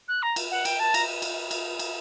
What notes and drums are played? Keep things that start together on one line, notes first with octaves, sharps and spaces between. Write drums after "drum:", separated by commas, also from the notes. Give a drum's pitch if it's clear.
F#6
A#5
drum: cymbal
F#5
G5, drum: cymbal
A5
A#5, drum: cymbal
drum: cymbal
drum: cymbal
drum: cymbal